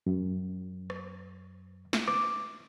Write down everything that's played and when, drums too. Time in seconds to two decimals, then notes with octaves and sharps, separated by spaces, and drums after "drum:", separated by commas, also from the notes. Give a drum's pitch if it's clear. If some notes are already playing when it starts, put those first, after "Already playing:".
0.06 F#2
0.90 drum: rim click
1.93 drum: snare
2.08 D6, drum: rim click